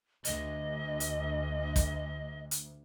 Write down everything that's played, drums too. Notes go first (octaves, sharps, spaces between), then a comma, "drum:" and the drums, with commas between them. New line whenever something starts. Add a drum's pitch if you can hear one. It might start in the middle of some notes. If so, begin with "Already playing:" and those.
D2 D#5, drum: hi-hat
drum: hi-hat
drum: kick, hi-hat
drum: hi-hat